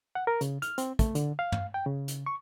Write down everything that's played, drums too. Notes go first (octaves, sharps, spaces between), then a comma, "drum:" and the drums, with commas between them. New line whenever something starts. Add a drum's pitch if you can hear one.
F#5
A#4
C#3, drum: hi-hat
F6, drum: hi-hat
C4, drum: hi-hat
A3, drum: kick, hi-hat
D3, drum: hi-hat
F5
drum: tom
G5
C#3
drum: hi-hat
C#6